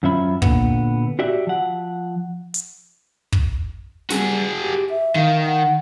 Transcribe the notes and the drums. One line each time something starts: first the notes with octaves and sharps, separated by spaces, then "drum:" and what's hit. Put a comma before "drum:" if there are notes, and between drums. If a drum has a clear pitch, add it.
F#2 F3 C#4 E5 B5
A#2 D3 B3, drum: kick
F#4 G4 D5 E5
F3 F#5
drum: hi-hat
drum: kick
G3 F#4 G#4, drum: snare
G4
E5
D#3 F5
F#5